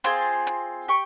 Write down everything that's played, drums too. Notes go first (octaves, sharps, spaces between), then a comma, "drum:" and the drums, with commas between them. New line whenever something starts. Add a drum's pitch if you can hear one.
C4 F4 G#4 C6, drum: hi-hat
drum: hi-hat
G4 C#6